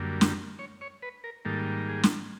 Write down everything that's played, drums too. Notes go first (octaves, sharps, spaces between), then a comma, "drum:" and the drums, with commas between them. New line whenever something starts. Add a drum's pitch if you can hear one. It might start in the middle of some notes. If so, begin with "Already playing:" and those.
Already playing: F#2 D3 G3 A#3
drum: snare
C#5
C#5
B4
A#4
G#2 D#3 G3 A#3 A4
G#4
drum: snare